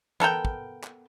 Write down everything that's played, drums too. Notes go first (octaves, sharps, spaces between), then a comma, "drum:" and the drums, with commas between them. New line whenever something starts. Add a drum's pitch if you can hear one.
B3 A4 A#4 G5, drum: tom E3
drum: kick
drum: clap